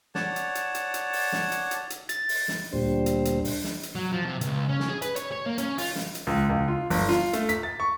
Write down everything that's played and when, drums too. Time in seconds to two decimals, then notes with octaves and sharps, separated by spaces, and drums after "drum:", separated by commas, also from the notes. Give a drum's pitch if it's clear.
0.15 C#5 D5 F#5 A5, drum: snare
0.36 drum: hi-hat
0.55 drum: hi-hat
0.75 drum: hi-hat
0.94 drum: hi-hat
1.13 drum: open hi-hat
1.32 drum: snare
1.52 drum: hi-hat
1.71 drum: hi-hat
1.90 drum: hi-hat
2.09 A6, drum: hi-hat
2.29 drum: open hi-hat
2.48 drum: snare
2.73 D2 A#2 G3 D4 C5
3.06 drum: hi-hat
3.25 drum: hi-hat
3.45 drum: open hi-hat
3.64 drum: snare
3.83 drum: hi-hat
3.95 F#3
4.12 F3
4.25 C3
4.41 C#2, drum: hi-hat
4.69 C#4
4.80 drum: snare
4.89 G#4
5.02 B4, drum: hi-hat
5.16 C#5, drum: hi-hat
5.32 C#5
5.46 A#3
5.58 C#4, drum: hi-hat
5.78 F4, drum: open hi-hat
5.95 drum: snare
6.15 drum: hi-hat
6.27 C#2
6.49 C#2
6.68 F4
6.90 G1, drum: open hi-hat
7.09 F4, drum: snare
7.33 A3, drum: hi-hat
7.49 B6, drum: hi-hat
7.63 A6
7.80 C#6